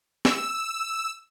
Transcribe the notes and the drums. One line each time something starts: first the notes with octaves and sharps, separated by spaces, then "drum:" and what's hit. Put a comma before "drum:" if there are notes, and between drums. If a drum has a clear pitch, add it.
E6, drum: snare